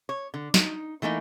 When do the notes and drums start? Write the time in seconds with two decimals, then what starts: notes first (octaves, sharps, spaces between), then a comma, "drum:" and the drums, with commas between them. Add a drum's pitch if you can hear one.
0.09 C#5
0.34 D3
0.54 D#4, drum: snare
1.02 E3 A3 A#3 D#4